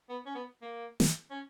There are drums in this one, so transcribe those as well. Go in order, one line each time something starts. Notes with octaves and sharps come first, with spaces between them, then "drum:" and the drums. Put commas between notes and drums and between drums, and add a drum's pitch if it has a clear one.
B3
C#4
B3
A#3
drum: snare
C#4